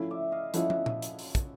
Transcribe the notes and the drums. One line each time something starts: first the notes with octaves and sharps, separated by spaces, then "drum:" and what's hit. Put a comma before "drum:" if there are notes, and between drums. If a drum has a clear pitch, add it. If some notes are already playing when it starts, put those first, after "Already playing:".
Already playing: F3 A3 C#4 E4
D5 E5
D#5 F5
F3 A3 C#4 E4 E5 F#5, drum: hi-hat
drum: tom
drum: tom A#2
drum: hi-hat
drum: open hi-hat
drum: kick, hi-hat